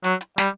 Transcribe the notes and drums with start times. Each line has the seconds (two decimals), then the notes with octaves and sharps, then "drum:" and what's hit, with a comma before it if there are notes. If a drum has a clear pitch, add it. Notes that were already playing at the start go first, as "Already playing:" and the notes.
0.04 F#3, drum: hi-hat
0.21 drum: hi-hat
0.38 G3, drum: snare